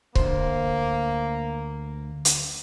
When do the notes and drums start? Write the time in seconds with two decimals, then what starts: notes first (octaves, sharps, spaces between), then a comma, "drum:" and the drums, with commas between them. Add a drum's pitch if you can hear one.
0.15 D2 A#3 C5, drum: kick C#1
2.25 drum: hi-hat